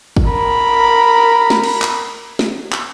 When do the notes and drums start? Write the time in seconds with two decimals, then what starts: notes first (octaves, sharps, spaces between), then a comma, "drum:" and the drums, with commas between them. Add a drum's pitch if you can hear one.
0.17 drum: kick
0.28 A#4 B5
1.50 drum: snare
1.64 drum: cymbal
1.82 drum: clap
2.39 drum: snare
2.72 drum: clap